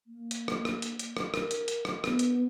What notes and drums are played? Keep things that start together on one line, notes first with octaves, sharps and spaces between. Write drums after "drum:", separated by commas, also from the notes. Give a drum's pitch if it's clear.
A#3
drum: hi-hat
drum: rim click
drum: rim click
drum: hi-hat
drum: hi-hat
drum: rim click
A#4, drum: rim click
drum: hi-hat
drum: hi-hat
drum: rim click
B3, drum: rim click
drum: hi-hat